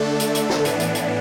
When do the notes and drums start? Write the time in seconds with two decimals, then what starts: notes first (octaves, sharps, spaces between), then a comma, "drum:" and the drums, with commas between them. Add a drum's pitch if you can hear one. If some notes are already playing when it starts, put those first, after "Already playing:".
Already playing: D3 A3 D4 A4
0.20 drum: hi-hat
0.35 drum: hi-hat
0.50 drum: snare
0.65 A2 E3 B3 D4, drum: hi-hat
0.80 drum: hi-hat
0.95 drum: hi-hat